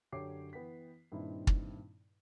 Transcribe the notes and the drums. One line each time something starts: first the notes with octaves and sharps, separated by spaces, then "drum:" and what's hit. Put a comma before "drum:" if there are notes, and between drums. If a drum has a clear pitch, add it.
F#2 D3 G4 C#5 D6 C7
E3 B3 G5 B6
G2 A#2 D#3 C4 D#4 E4
drum: kick